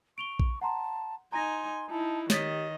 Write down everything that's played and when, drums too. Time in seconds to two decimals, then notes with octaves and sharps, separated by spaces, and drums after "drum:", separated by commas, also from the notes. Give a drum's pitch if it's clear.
0.18 C#6 D7 F7 G7
0.40 drum: kick A#1
0.61 F#5 A5 A#5 C6
1.32 D#4 G#5 A#5 C6 A#6
1.90 D#4 E4 A5
2.30 D#3 G4 C#5 D#5 A6 B6, drum: snare